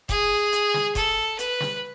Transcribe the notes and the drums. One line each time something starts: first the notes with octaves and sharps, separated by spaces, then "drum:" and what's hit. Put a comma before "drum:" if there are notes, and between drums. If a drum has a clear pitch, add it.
G#4, drum: kick F1, hi-hat
drum: hi-hat
drum: snare
A4, drum: kick F1, hi-hat
B4, drum: hi-hat
drum: snare